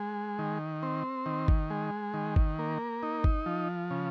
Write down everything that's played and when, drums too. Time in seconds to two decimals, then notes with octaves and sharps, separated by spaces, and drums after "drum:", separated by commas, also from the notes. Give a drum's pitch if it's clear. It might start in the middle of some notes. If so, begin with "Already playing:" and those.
Already playing: G#3
0.39 D#3
0.83 C4
1.26 D#3
1.48 drum: kick
1.70 G#3
2.14 D#3
2.36 drum: kick
2.59 A#3
3.03 D#4
3.24 drum: kick
3.46 F3
3.91 C#3